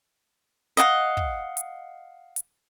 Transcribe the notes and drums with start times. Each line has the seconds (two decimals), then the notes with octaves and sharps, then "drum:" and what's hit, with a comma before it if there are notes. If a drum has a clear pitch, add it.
0.77 D#5 F5 F#5, drum: hi-hat
1.17 drum: kick
1.57 drum: hi-hat
2.36 drum: hi-hat